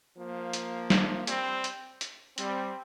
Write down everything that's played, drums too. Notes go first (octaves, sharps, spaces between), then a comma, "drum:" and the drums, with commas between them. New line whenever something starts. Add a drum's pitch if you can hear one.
F3 A#3
drum: hi-hat
drum: snare
G3 C4, drum: hi-hat
drum: hi-hat
drum: hi-hat
G3 C4, drum: hi-hat